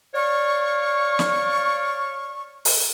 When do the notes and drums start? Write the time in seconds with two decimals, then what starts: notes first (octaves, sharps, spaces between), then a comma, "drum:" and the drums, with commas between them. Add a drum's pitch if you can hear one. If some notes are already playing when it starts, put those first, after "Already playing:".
0.14 C#5 D5 F5 C#6
1.19 drum: snare
2.65 drum: open hi-hat